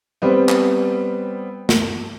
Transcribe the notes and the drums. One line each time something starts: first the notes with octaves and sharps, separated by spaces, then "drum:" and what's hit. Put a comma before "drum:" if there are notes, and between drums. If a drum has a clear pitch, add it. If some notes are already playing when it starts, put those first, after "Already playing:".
G3 B3 C4
drum: clap
drum: snare